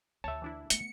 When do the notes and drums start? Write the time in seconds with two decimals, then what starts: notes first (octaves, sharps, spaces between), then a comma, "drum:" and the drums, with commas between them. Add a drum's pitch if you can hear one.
0.24 D2 C#5 E5 A5
0.42 E3 D4 E4
0.70 A3 B3 C#7, drum: hi-hat